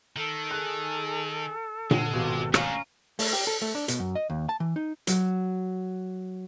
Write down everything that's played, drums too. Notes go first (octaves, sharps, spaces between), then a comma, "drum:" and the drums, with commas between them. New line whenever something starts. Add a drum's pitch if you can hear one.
D#3 A4
G#4 F#6
D3 G#3, drum: tom A#2
G#1 B2 F4 G4
A3 C#4 D4 F5 A#5, drum: rim click
A3, drum: open hi-hat
G4
A4
A3
D4
B2, drum: hi-hat
F#2
D#5
D#2
A5
E3
D#4
F#3, drum: hi-hat